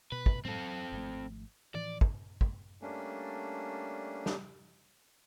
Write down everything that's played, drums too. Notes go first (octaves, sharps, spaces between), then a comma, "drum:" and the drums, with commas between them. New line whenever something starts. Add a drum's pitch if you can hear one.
B2 B4
drum: kick
A2 F#3 G#3 C4 A4
F#3
G#1 F3 A3
A2 E3 F3 D5
drum: kick
drum: kick
G3 A3 A#3 C#4 D4
drum: snare